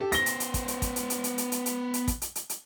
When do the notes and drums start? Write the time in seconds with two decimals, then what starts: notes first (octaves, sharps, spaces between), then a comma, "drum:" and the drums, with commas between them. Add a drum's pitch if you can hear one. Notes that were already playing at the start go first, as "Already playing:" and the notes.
0.01 G4 A4
0.12 B3 C5 A#6 G7, drum: hi-hat
0.26 drum: hi-hat
0.40 drum: hi-hat
0.54 drum: kick, hi-hat
0.68 drum: hi-hat
0.82 drum: kick, hi-hat
0.96 drum: hi-hat
1.10 drum: hi-hat
1.24 drum: hi-hat
1.38 drum: hi-hat
1.52 drum: hi-hat
1.66 drum: hi-hat
1.94 drum: hi-hat
2.08 drum: kick, hi-hat
2.22 drum: hi-hat
2.36 drum: hi-hat
2.49 drum: hi-hat